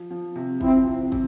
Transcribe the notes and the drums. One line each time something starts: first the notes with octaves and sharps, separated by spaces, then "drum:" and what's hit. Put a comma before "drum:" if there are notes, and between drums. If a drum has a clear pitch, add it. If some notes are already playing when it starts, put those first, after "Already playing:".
Already playing: F3
F3
C3
F3 C4 E4, drum: kick
C3
C3, drum: kick